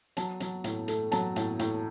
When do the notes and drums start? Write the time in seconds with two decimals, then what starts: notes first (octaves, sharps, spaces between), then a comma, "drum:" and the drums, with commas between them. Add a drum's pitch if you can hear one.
0.17 F#3 A5, drum: hi-hat
0.40 F#3, drum: hi-hat
0.64 A2, drum: hi-hat
0.88 A3, drum: hi-hat
1.12 F#3 A5, drum: hi-hat
1.36 A2, drum: hi-hat
1.59 A2, drum: hi-hat